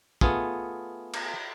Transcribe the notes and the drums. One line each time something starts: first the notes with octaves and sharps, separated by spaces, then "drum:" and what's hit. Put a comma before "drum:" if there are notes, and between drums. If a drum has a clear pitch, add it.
A3 B3 F4 G#4, drum: kick
drum: cymbal